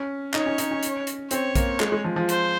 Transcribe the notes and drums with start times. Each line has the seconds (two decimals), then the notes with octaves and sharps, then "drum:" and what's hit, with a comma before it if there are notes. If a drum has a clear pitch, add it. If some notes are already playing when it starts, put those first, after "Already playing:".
Already playing: C#4
0.34 D#4 C#5, drum: clap
0.46 C#4
0.58 D#4, drum: hi-hat
0.71 C#4
0.83 drum: hi-hat
1.07 drum: hi-hat
1.31 C4 C#5, drum: hi-hat
1.55 A#3, drum: kick A#1, hi-hat
1.80 G#3, drum: clap
1.92 G#3
2.04 F3
2.16 F3
2.29 C5, drum: hi-hat